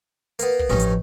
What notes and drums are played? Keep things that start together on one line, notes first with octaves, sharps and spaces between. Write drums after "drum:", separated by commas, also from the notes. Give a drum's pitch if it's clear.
A#3 B3, drum: hi-hat
drum: kick
A1 G2 F3 C#4 D#4
drum: hi-hat